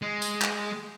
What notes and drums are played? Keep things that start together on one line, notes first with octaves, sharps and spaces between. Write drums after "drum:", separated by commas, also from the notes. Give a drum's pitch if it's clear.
G#3
drum: tambourine
drum: clap